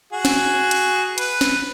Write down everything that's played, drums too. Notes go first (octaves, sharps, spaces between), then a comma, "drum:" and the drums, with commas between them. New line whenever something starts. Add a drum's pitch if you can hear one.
F#4 G#4
drum: snare
drum: hi-hat
B4, drum: hi-hat
drum: snare